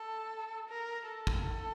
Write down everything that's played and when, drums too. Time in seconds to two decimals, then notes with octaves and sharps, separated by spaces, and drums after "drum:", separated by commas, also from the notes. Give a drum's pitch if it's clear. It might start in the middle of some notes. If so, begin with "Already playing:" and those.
Already playing: A4
0.69 A#4
1.06 A4
1.27 drum: kick
1.42 A4